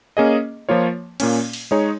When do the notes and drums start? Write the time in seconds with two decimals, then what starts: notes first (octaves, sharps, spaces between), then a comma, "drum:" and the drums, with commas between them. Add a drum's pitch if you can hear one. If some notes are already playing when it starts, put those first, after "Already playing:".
0.17 A#3 C#4 G#4 D#5
0.69 F3 A#3 F4 C#5
1.20 A#2 A#3 C#4, drum: cymbal
1.53 drum: open hi-hat
1.71 G#3 D#4 G#4 C#5